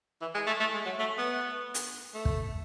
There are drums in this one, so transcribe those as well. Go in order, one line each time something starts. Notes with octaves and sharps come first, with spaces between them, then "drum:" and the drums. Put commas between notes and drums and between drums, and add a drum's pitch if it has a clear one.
E3
G#3
A3
A3
G#3
F#3
A3
B3
drum: hi-hat
A3
drum: kick